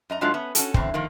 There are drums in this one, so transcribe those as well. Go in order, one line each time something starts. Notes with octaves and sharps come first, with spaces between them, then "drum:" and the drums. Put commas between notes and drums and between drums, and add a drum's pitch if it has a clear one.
F#2 D#5 A#5
G#2 F#3 G#3 A3 D4 F4
B3 C#4
C#4 F#4 A4, drum: hi-hat
E2 D3 C4, drum: kick
D#3 F3 A#3